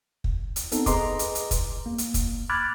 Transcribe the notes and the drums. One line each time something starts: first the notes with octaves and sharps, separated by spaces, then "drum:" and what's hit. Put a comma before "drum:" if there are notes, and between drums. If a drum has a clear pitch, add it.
drum: kick
drum: hi-hat
B3 C4 D#4 A4, drum: hi-hat
G#4 B4 D#5 A#5 C6 D6, drum: kick, hi-hat
drum: hi-hat
drum: hi-hat
drum: kick, hi-hat
A#3
drum: hi-hat
drum: kick, hi-hat
B5 D6 F6 F#6 G#6 A6